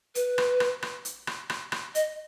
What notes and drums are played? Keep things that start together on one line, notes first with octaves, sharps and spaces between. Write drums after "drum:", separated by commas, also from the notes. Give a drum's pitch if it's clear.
B4, drum: hi-hat
drum: rim click
drum: rim click
drum: rim click
drum: hi-hat
drum: rim click
drum: rim click
drum: rim click
D#5, drum: hi-hat